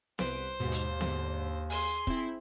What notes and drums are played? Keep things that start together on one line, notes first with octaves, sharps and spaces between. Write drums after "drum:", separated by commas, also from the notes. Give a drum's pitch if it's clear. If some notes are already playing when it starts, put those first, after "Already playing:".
C2 B4 C5 D7, drum: snare B3
D#2 G#2 B2
drum: hi-hat
G#2 D3, drum: snare B3
G#4 G#5 C6, drum: open hi-hat
C4 E4, drum: kick